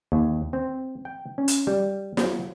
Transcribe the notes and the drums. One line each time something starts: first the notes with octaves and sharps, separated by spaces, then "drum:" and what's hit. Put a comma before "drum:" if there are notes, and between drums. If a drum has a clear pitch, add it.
D#2
C4
G5
C#4
drum: hi-hat
G3
F#3, drum: snare